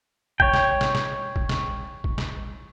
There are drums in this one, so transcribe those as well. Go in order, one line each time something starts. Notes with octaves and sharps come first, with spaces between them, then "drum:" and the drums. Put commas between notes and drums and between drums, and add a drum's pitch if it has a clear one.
C#5 G5, drum: kick A1
drum: snare
drum: snare
drum: snare
drum: kick A1
drum: snare
drum: kick A1
drum: snare